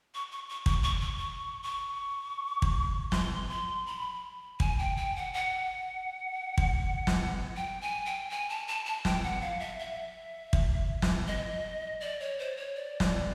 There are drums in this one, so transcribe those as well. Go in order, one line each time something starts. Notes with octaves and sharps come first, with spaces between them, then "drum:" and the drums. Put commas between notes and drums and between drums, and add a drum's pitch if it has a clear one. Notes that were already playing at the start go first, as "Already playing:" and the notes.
C#6
C#6
C#6
C#6, drum: kick
C#6
C#6
C#6
C#6
drum: kick
C6, drum: snare
C6
B5
G#5, drum: kick
G5
G5
F#5
F#5
drum: kick
drum: snare
G5
G#5
G5
G#5
A5
A5
A5
G5, drum: snare
F#5
F5
E5
E5
drum: kick
drum: snare
D#5
D5
C#5
C5
C#5
D5
drum: snare